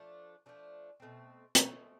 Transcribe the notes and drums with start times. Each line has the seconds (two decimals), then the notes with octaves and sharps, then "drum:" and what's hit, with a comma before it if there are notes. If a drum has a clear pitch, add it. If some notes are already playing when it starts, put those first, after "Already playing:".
Already playing: F3 A3 D4
0.46 F3 A3 D4
1.00 B2 A3 C4
1.55 B2 A3 C4, drum: hi-hat